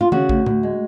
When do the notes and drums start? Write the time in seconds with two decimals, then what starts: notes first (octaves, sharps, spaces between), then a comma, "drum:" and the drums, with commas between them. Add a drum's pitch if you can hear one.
0.01 F4
0.12 C#3 F#4, drum: tom D#3
0.29 D2, drum: kick A1
0.46 D2, drum: tom A2
0.63 G#3